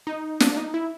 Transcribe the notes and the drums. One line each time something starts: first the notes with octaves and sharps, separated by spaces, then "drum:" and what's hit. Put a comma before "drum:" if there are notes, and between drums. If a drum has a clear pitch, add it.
D#4
D4, drum: snare
D#4
E4